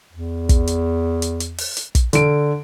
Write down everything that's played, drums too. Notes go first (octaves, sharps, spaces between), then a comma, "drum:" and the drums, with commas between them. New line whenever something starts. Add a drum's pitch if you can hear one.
E2
drum: kick, hi-hat
drum: hi-hat
drum: hi-hat
drum: hi-hat
drum: open hi-hat
drum: hi-hat
drum: kick, hi-hat
D3 D7, drum: hi-hat